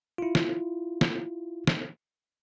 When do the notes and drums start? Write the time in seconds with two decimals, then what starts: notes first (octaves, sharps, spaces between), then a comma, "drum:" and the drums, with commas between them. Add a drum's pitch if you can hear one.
0.18 E4 F4
0.35 drum: snare
1.01 drum: snare
1.67 drum: snare